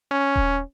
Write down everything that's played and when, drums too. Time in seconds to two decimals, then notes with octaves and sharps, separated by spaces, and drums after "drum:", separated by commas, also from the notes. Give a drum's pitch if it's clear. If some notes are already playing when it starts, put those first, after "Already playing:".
0.11 C#4
0.36 drum: kick D#1